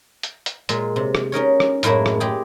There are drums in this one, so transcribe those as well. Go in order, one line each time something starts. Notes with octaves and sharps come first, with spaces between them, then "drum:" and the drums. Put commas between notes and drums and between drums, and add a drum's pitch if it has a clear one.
drum: hi-hat
drum: hi-hat
A#2 G#3, drum: hi-hat
C3
drum: rim click
C#4 D#4 A#4 C#5
drum: rim click
F#2 A2 G#3 A#3 E4, drum: hi-hat
drum: rim click
G#3 G4 G#4